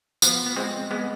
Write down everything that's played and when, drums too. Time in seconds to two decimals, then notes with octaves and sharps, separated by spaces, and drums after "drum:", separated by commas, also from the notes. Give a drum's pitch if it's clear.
0.22 F3 B3, drum: tambourine
0.46 B3
0.56 G#3 C4
0.91 G#3 B3